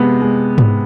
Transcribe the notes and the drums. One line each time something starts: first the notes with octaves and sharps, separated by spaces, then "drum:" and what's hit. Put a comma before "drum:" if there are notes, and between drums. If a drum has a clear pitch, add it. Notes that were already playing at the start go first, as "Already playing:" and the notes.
Already playing: C3 G#3 B3
G#3
drum: tom G#2